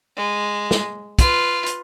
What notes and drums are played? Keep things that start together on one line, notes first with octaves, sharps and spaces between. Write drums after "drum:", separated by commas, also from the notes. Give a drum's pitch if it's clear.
G#3
drum: snare
F4 B4, drum: kick, hi-hat
drum: hi-hat